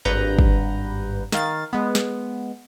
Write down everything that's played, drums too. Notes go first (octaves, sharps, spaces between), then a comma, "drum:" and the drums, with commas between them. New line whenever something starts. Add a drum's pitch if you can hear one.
G#1 G2 B4 F#5 A#5 G6
drum: kick
D#3 F5 A6, drum: snare
G#3 B3
drum: snare